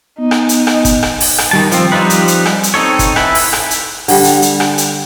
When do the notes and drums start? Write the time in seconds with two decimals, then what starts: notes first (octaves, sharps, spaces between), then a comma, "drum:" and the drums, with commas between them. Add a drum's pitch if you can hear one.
0.20 B3 D#4
0.31 drum: rim click
0.49 drum: hi-hat
0.67 drum: rim click
0.85 drum: kick, hi-hat
1.03 drum: rim click
1.20 drum: open hi-hat
1.38 drum: rim click
1.51 D#3 G3 A5
1.72 F3 C4, drum: hi-hat
1.92 F3 G3 C4 D#4 B4
2.10 drum: hi-hat
2.28 drum: hi-hat
2.45 drum: rim click
2.63 drum: hi-hat
2.74 C4 D#4 A4 C#5
2.99 drum: kick, hi-hat
3.16 E4 B4, drum: rim click
3.35 drum: open hi-hat
3.53 drum: rim click
3.71 drum: hi-hat
4.08 D3 G3, drum: open hi-hat
4.24 drum: hi-hat
4.42 drum: hi-hat
4.60 drum: rim click
4.78 drum: hi-hat